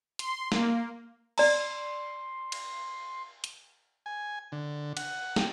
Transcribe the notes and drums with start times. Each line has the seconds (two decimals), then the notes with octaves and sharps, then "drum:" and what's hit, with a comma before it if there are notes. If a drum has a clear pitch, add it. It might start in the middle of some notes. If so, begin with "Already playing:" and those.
0.19 C6, drum: hi-hat
0.52 A#3, drum: snare
1.38 D5 A#5 C6, drum: cymbal
2.52 drum: cymbal
3.44 drum: hi-hat
4.06 G#5
4.52 D3
4.97 F#5, drum: cymbal
5.36 G4, drum: snare